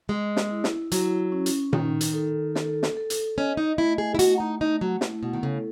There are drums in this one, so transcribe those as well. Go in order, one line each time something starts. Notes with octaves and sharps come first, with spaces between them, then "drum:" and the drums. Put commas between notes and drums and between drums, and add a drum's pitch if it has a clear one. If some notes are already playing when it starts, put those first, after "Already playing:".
G#3 D#5
drum: snare
E4
drum: snare
F#3 E4, drum: hi-hat
C#4
drum: hi-hat
D#3 D#4, drum: tom A#2
drum: hi-hat
A4
A4, drum: snare
drum: snare
A4
drum: hi-hat
C#4 D#5
D#4
A3 E4
G#4
E4
A3 F#4, drum: hi-hat
D#4
A3 D#4
F#3
E4, drum: snare
B2
D#3
C#3 A4